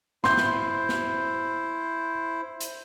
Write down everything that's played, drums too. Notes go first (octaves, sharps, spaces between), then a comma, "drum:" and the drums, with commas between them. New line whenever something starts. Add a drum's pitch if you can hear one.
E4 C5 C6 G6, drum: snare
drum: snare
drum: snare
drum: hi-hat